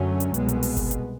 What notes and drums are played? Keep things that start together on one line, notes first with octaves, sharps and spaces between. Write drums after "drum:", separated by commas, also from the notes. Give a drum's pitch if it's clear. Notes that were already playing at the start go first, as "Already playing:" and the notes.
Already playing: F#2 D3 F#3 A3 C#4
drum: hi-hat
C2 B2 G#3 B3, drum: hi-hat
drum: hi-hat
drum: open hi-hat
drum: kick G1, hi-hat
drum: hi-hat